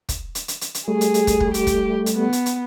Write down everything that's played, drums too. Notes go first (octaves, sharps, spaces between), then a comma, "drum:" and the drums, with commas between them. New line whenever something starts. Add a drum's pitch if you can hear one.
drum: kick, hi-hat
drum: hi-hat
drum: hi-hat
drum: hi-hat
drum: hi-hat
G3 A3 G#4
drum: hi-hat
drum: hi-hat
drum: kick, hi-hat
drum: kick
G4, drum: hi-hat
drum: kick, hi-hat
drum: hi-hat
B3
drum: hi-hat
drum: hi-hat